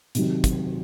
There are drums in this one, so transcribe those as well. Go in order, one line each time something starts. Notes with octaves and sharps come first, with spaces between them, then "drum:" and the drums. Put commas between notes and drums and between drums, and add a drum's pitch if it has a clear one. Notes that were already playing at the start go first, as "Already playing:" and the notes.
C3 D#3 F#3, drum: hi-hat
drum: kick, hi-hat